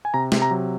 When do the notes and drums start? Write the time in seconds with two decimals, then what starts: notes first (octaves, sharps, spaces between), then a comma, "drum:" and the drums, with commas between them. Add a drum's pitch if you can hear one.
0.05 G#5
0.14 C3 A#5
0.32 C3, drum: snare
0.42 A#5
0.51 F#3